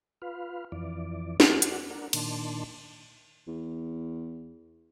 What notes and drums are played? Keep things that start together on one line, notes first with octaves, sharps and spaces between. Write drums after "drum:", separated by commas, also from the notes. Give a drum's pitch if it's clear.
F4 B4 F5
F2 E3 D5
A#3 C4, drum: snare
F#4 D5 F#5, drum: hi-hat
D4 A#4 F#5
A#2 D#3 D4 A5 C6, drum: cymbal
E2